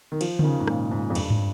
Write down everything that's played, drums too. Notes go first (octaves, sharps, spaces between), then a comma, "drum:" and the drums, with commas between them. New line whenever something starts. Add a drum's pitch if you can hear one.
D#3
F3, drum: cymbal
D#3, drum: tom C#3
C#3
G#2
A#2, drum: rim click
G#2
F2
G2, drum: cymbal
drum: tom